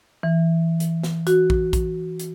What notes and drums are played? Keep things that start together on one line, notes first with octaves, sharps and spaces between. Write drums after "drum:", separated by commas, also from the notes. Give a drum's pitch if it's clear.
E3
drum: hi-hat
drum: snare
F#4, drum: hi-hat
drum: kick A#1
drum: kick A#1, hi-hat
drum: hi-hat